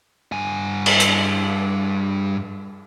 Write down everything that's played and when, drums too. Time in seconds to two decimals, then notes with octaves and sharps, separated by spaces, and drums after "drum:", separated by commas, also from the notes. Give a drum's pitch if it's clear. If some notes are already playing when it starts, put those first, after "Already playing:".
0.32 G2 G#5
0.86 drum: cymbal
1.00 drum: hi-hat